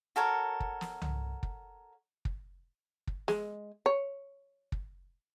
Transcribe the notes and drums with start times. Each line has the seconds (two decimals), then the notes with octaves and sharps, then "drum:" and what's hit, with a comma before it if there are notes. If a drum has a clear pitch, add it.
0.16 F#4 A4 A#4 C#5
0.60 drum: kick
0.81 drum: snare
1.02 drum: tom C2
1.43 drum: kick
2.25 drum: kick
3.07 drum: kick
3.28 G#3, drum: snare
3.86 C#5
4.72 drum: kick